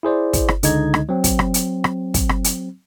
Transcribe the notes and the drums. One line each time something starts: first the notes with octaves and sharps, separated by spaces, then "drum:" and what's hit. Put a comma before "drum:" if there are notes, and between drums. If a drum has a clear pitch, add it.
E4 G#4 C5 D5
drum: kick, hi-hat
drum: rim click
C#2 D3 G#3 D#4 D#5 G#6, drum: hi-hat
drum: rim click
F#3 C4
drum: kick, hi-hat
drum: rim click
drum: hi-hat
drum: rim click
drum: kick, hi-hat
drum: rim click
drum: hi-hat